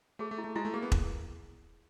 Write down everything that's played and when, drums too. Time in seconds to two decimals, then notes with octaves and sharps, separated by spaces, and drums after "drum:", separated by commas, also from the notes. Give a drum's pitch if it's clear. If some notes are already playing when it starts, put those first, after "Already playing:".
0.19 A3 G#4
0.31 A3
0.38 E4
0.44 A3
0.55 G#3 E4
0.65 A3
0.74 A#3 G#4
0.82 B3
0.92 drum: kick E1